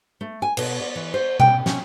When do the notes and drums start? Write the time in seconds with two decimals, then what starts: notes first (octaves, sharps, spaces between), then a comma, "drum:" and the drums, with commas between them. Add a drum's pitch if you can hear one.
0.21 A3
0.42 G#5
0.57 B2, drum: cymbal
0.80 D5
0.95 E3
1.14 C5
1.40 G5, drum: tom B2
1.66 C#4, drum: snare